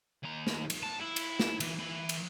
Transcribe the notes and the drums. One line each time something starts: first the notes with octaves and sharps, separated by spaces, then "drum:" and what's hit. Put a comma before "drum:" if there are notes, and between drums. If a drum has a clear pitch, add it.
D#2 A#5
drum: snare
drum: cymbal
A5
E4
drum: cymbal
drum: snare
E3, drum: cymbal
E3 B5
drum: cymbal